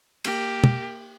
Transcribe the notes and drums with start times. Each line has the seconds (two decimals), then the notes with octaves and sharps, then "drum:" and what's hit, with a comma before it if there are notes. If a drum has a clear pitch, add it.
0.24 A#3 G4, drum: cymbal
0.64 drum: tom